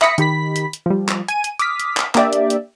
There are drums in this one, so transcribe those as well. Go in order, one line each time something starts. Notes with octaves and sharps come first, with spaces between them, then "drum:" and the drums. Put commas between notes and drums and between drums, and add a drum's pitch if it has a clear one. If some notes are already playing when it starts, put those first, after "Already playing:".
E5 B5 D#6 A#6 B6 C#7, drum: clap
D#3 G4 B5 B6, drum: hi-hat
drum: hi-hat
drum: hi-hat
F3 G3
drum: clap
G#5 D#7, drum: hi-hat
drum: hi-hat
D6 D#6 F6 B6, drum: hi-hat
drum: hi-hat
drum: clap
A#3 D4 G4 D5 E5, drum: clap
drum: hi-hat
drum: hi-hat